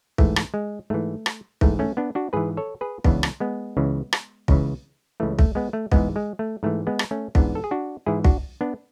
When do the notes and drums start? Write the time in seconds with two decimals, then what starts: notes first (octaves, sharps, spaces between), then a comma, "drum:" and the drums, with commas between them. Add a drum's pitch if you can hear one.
0.18 G#2 E3 A3, drum: kick
0.36 drum: rim click
0.54 G#3
0.90 G#2 E3 A3
1.26 drum: rim click
1.61 G#2 E3 A3, drum: kick
1.79 A3 C#4
1.97 B3 D4
2.15 D4 F#4
2.33 G#2 E3 G#4 B4
2.57 A4 C#5
2.81 G#4 B4
3.04 C#2 C#3 E3 B3 D4, drum: kick
3.23 drum: rim click
3.40 G#3 B3
3.77 C#2 C#3 E3
4.13 drum: rim click
4.48 C#2 C#3 E3, drum: kick
5.20 C#2 C#3 E3 A3
5.39 A3, drum: kick
5.55 G#3 B3
5.73 A3
5.92 G#2 E3 G#3 B3, drum: kick
6.16 G#3
6.39 A3
6.63 G#2 E3 A3
6.87 G#3 B3
6.99 drum: rim click
7.11 A3 C#4
7.35 G#2 E3 B3 D4, drum: kick
7.55 A4
7.64 G#4
7.71 D4 F#4
8.06 G#2 E3 E4 G#4
8.24 D4 F#4, drum: kick
8.61 B3 D4